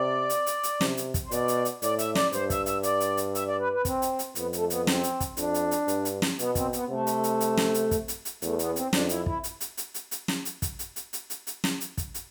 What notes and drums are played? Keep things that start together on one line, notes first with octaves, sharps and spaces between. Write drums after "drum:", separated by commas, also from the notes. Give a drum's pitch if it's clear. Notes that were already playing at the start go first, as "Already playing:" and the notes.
Already playing: C3 D5
drum: hi-hat
drum: hi-hat
drum: hi-hat
C3, drum: snare
drum: hi-hat
drum: kick, hi-hat
C5
B2 D5, drum: hi-hat
drum: hi-hat
drum: hi-hat
A2 D5, drum: hi-hat
E5, drum: hi-hat
D5, drum: snare
G2 C5, drum: hi-hat
E5, drum: kick, hi-hat
E5, drum: hi-hat
D5, drum: hi-hat
drum: hi-hat
drum: hi-hat
E5, drum: hi-hat
D5
B4
B4
C4, drum: kick, hi-hat
drum: hi-hat
drum: hi-hat
F2 B3, drum: hi-hat
A3, drum: hi-hat
B3, drum: hi-hat
C4, drum: snare
drum: hi-hat
drum: kick, hi-hat
F2 D4, drum: hi-hat
drum: hi-hat
drum: hi-hat
G2, drum: hi-hat
drum: hi-hat
drum: snare
B2 B3, drum: hi-hat
C4, drum: kick, hi-hat
B3, drum: hi-hat
C3 A3
drum: hi-hat
drum: hi-hat
drum: hi-hat
drum: snare
drum: hi-hat
drum: kick, hi-hat
drum: hi-hat
drum: hi-hat
E2 A3, drum: hi-hat
B3, drum: hi-hat
C4, drum: hi-hat
F2 D4, drum: snare
E4, drum: hi-hat
E4, drum: kick
drum: hi-hat
drum: hi-hat
drum: hi-hat
drum: hi-hat
drum: hi-hat
drum: snare
drum: hi-hat
drum: kick, hi-hat
drum: hi-hat
drum: hi-hat
drum: hi-hat
drum: hi-hat
drum: hi-hat
drum: snare
drum: hi-hat
drum: kick, hi-hat
drum: hi-hat